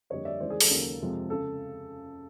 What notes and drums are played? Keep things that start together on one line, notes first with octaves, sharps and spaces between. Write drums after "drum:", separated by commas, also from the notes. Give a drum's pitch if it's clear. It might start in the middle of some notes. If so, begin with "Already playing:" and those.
F2 D3 G3 A#3 C#5 D#5
D5 E5
D#2 C#3 E3 G#3 C5 D5
G#4
A4, drum: open hi-hat
D#2 C#3 F#3 A#3
F2 C3 F3 G#3
C#3 A4